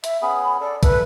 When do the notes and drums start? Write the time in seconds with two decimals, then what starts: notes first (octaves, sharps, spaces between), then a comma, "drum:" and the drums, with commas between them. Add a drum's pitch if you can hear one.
0.04 E5, drum: hi-hat
0.22 B3 C#4 G#4 B5
0.61 A4 D5
0.83 A4 B4 E5, drum: kick, hi-hat